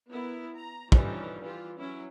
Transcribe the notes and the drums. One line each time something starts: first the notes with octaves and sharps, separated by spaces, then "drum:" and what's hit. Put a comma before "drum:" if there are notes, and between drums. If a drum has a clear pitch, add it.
B3 E4 A#4
A#5
D3 E3 F3 G3 C#4 D#4, drum: kick
E3 F4 G4
F#3 C#4 E4